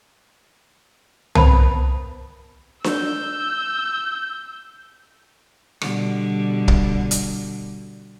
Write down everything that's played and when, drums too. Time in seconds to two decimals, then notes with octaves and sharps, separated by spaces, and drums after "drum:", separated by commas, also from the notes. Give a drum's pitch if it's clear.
1.35 B3 C4 A#4 A5 B5, drum: tom C2
2.84 E6 G6, drum: snare D4
5.81 B2 D3 G3, drum: rim click
6.68 drum: kick
7.11 drum: hi-hat